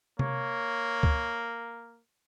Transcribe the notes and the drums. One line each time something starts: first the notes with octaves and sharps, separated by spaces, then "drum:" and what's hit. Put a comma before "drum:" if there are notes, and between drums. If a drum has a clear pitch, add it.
A#3 C#5, drum: tom C3
drum: kick C#2